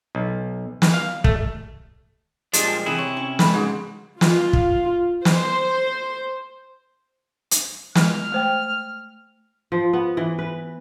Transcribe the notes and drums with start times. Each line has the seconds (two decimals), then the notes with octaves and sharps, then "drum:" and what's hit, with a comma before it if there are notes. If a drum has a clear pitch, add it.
0.15 B1
0.82 drum: snare
0.94 F5
1.24 A3, drum: kick
2.53 A#2 F3 G3 G#3 D4, drum: hi-hat
2.86 C3 E3 E4 G#4
2.98 C#5 C6
3.17 C#4
3.39 F3 G#3 A3 B5, drum: snare
3.53 G#2 C#3 F#4 G#4
4.21 F4, drum: snare
4.53 drum: kick
5.25 C5, drum: snare
7.51 drum: hi-hat
7.95 G#3 F6, drum: snare
8.32 A3 C5 G5
9.72 F3
9.93 B3
10.17 E3
10.39 B4